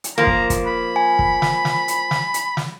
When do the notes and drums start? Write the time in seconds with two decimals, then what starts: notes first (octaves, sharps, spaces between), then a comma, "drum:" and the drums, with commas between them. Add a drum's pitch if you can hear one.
0.04 drum: hi-hat
0.18 F3 A#3 A#5
0.27 drum: kick
0.50 drum: kick, hi-hat
0.66 B5
0.96 G#5
1.19 drum: kick
1.42 drum: snare
1.65 drum: snare
1.88 drum: hi-hat
2.11 drum: snare
2.34 drum: hi-hat
2.57 drum: snare